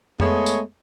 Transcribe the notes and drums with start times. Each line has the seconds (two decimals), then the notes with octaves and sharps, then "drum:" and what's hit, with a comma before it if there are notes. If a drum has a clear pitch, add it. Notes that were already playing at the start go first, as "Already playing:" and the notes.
0.20 G#3 A3 B3 G#4 C#5, drum: tom F2
0.46 drum: tambourine